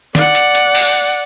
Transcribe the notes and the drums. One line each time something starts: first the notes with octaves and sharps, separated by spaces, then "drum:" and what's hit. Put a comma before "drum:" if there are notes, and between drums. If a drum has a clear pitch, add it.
D5 F#5, drum: snare
drum: hi-hat
drum: hi-hat
drum: open hi-hat